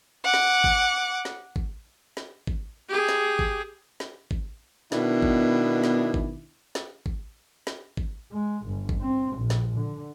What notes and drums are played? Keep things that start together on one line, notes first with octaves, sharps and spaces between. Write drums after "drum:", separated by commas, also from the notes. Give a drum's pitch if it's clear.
F#5 D6
drum: snare
drum: kick G#1
drum: snare
drum: kick G#1
drum: snare
drum: kick G#1
G4 G#4
drum: snare
drum: kick G#1
drum: snare
drum: kick G#1
B2 D#3 B3 D4 E4, drum: snare
drum: kick G#1
drum: snare
drum: kick G#1
drum: snare
drum: kick G#1
drum: snare
drum: kick G#1
G#3
G1
drum: kick G#1
C4
A#1
drum: snare
D3